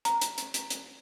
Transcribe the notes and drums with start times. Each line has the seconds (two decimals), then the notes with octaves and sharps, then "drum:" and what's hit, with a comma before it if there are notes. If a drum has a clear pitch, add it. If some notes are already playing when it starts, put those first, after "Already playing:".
0.05 A#5, drum: hi-hat
0.21 drum: hi-hat
0.38 drum: hi-hat
0.54 drum: hi-hat
0.70 drum: hi-hat